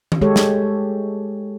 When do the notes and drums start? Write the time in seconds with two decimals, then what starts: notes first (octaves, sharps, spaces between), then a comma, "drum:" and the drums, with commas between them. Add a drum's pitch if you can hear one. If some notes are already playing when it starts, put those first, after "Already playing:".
0.12 drum: tom D#3
0.21 G#3 G4 A4 C#5
0.36 drum: snare